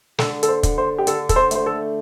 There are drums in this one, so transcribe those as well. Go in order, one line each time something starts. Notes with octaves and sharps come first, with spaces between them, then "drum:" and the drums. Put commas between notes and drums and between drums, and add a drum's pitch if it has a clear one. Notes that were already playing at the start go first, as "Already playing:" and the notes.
D3 A4, drum: snare
A4, drum: hi-hat
C5
D3, drum: kick, hi-hat
C5
G4
D3 A4, drum: hi-hat
A4, drum: kick, hi-hat
C5
A3 C5, drum: hi-hat
A4